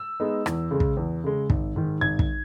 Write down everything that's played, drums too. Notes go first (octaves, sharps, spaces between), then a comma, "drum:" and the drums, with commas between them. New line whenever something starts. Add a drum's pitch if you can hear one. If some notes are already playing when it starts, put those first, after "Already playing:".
Already playing: E6
G#3 B3 D#4
E2, drum: rim click
C#3 G#3
drum: kick
E2
C#3 G#3
G#1, drum: kick
G#2 D#3
G#1 G#6
drum: kick